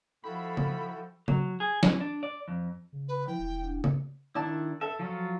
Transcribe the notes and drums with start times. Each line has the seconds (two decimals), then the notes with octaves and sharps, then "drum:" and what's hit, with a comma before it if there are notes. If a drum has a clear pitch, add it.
0.24 F3 E4 F#4 A4 G5 B5
0.57 drum: tom C#3
1.28 F#3, drum: tom C#3
1.60 G#4
1.83 E3, drum: snare
2.00 D4
2.23 D5
2.48 F2
2.93 C#3
3.08 B4
3.27 E3 F3 E4 G5
3.39 E1
3.62 D2 D4
3.84 drum: tom C#3
4.35 D#3 D4 E4 D5 A5
4.81 A4 E5
4.99 F3 F#3 F4